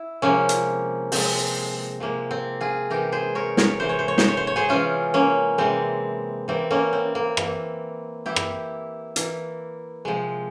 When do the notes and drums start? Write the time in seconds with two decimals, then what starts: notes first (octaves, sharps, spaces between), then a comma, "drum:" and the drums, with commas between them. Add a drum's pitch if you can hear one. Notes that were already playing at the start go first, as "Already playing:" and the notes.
Already playing: E4
0.22 C3 F3 G#3 A#3 C#4
0.49 drum: hi-hat
1.12 C3 F3 G#3 C4, drum: open hi-hat
2.00 C3 F3 G#3 A#3
2.31 C4
2.61 F4 G#4
2.90 C3 E3 G#3 G4 A#4
3.12 G#4 C5
3.35 A#4 C#5
3.57 A#4 C#5, drum: snare
3.80 C3 E3 G#3 C5
3.89 C#5
3.99 C5
4.08 C#5
4.18 C5, drum: snare
4.28 C#5
4.37 C5
4.47 C#5
4.56 G#4 C5
4.69 C3 E3 G#3 C#4 F4
5.14 A#3 C#4
5.58 C3 E3 G#3 C4
6.48 E3 A#3 C4
6.71 A#3 C#4
6.93 C4
7.15 A#3
7.37 E3 A#3, drum: rim click
8.26 E3 A#3 E4 G4
8.36 drum: rim click
9.16 E3 A#3, drum: hi-hat
10.05 C3 F3 G#3